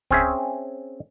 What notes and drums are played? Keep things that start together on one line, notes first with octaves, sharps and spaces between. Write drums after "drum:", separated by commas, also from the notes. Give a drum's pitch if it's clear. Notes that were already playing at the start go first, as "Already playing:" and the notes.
C4 C#4 G#4 E5, drum: kick